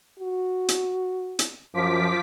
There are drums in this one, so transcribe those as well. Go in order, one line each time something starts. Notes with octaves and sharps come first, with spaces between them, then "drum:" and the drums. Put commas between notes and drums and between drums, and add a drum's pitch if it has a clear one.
F#4
drum: hi-hat
drum: hi-hat
F#2 F3 D6 B6